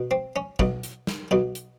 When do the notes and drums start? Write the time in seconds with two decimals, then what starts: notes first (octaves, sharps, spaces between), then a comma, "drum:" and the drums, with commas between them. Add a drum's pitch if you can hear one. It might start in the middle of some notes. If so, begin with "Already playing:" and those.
Already playing: B2
0.11 C4
0.36 C#4
0.59 B1 B2, drum: kick
0.83 drum: hi-hat
1.07 drum: snare
1.31 B1 B2
1.55 drum: hi-hat